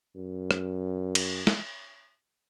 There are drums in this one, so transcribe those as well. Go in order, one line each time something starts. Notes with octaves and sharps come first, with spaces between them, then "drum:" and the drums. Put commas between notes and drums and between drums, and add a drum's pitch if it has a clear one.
F#2
drum: rim click
drum: cymbal
drum: snare